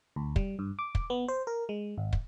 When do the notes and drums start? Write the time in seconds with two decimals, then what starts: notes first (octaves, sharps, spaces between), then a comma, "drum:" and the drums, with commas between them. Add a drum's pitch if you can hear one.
0.16 D2
0.36 G3, drum: kick
0.59 G2
0.79 D6
0.95 drum: kick
1.10 B3
1.28 C5
1.47 A#4
1.69 G#3
1.98 G#1
2.13 drum: kick